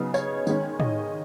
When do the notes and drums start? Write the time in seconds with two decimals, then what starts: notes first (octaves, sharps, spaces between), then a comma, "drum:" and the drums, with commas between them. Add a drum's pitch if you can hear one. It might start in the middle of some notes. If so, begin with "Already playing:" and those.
Already playing: C#3 F#3 B3 D#4
0.14 C#5, drum: tambourine
0.47 D#3 G#3 C#4, drum: tambourine
0.80 D#5, drum: tom